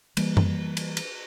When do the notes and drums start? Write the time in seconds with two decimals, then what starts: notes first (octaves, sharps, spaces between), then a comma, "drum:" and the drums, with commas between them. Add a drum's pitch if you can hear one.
0.17 E3 G3 A#3, drum: cymbal
0.37 drum: tom F#2
0.77 drum: cymbal
0.97 drum: cymbal